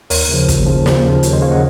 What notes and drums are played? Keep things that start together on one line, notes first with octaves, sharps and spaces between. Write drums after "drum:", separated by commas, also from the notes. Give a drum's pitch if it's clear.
D#2 A#4 C#5, drum: open hi-hat
C#3 F3
D#2, drum: kick, hi-hat
C#3 F3
D#2, drum: snare
C#3 F3
D#2 A#4 C#5, drum: hi-hat
C5 D#5
C#3 F3 C#5 F5
D#5 F#5